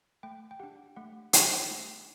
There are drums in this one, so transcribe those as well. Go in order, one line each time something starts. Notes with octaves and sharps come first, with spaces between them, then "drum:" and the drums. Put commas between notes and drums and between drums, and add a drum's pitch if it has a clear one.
A3 G5
G5
D4 G4 F#5
A3 F#5
D4 G4, drum: hi-hat
A3